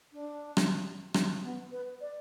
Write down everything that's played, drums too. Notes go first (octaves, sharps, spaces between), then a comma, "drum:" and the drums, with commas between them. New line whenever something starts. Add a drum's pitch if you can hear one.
D4
drum: rim click
drum: rim click
B3
B4
D5